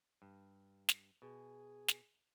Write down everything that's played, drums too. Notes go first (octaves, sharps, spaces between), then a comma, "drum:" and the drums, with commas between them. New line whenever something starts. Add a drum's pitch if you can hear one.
G2
drum: snare
B2 G#4
drum: snare